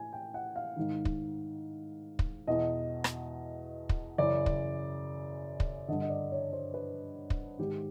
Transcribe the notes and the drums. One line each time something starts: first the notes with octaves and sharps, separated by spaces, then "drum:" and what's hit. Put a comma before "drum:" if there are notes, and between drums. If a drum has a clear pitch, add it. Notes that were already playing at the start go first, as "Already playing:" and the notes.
Already playing: A2 G#5
G5
F#5
F5
G#2 D#3
drum: kick
drum: kick
E2 B2 D#5
drum: rim click
drum: kick
F#2 C#3 E3 D5
drum: kick
drum: kick
G2 D3 D#5
D#5
D5
C#5
C5
B4
drum: kick
G#2 D#3 G4